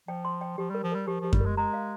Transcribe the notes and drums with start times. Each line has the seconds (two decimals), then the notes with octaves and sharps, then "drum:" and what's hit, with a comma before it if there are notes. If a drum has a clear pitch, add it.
0.08 F3 G5
0.25 C6
0.41 G5
0.58 F3 G4
0.70 G3 A#4
0.84 F3
0.92 G3 A#4
1.07 F3 G4
1.21 F3 G4
1.33 G3, drum: kick F#2
1.40 G#3 A#4
1.57 G#3 A#5
1.74 F5